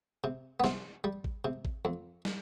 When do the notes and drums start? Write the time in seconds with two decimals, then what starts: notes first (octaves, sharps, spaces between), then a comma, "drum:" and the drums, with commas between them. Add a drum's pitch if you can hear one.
0.24 C3
0.60 B3
0.64 C3 C4, drum: snare
1.04 G3
1.24 drum: kick
1.45 C3
1.65 drum: kick
1.85 F2
2.25 drum: snare